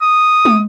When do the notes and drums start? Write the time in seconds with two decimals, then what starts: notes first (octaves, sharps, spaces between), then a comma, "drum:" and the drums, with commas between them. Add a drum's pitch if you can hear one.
0.02 D#6
0.45 drum: tom G#3